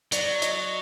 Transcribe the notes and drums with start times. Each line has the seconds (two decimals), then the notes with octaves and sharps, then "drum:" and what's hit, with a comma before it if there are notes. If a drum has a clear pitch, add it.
0.12 F#3 D5, drum: hi-hat
0.42 D#5, drum: hi-hat